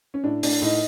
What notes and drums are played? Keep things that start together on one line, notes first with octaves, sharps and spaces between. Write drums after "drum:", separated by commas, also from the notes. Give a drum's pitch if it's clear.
C#4
A2 D4
A2 D4, drum: open hi-hat
A2 D#4